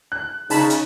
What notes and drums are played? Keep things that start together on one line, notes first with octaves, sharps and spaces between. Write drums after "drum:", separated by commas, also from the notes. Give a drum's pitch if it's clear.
F#6
C#3 D#4 A5 B5, drum: open hi-hat
drum: hi-hat